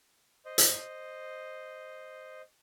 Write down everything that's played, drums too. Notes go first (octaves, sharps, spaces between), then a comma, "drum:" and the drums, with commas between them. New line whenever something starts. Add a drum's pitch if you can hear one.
C5 D#5
drum: hi-hat